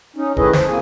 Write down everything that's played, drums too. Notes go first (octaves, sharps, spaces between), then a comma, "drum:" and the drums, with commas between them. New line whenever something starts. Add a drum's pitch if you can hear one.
C#4 D#4
D#3 A3 E4 G#4 B4 D#5, drum: kick
A3 C5, drum: snare
F#2 C#3 A#3 C4 G#4 G#5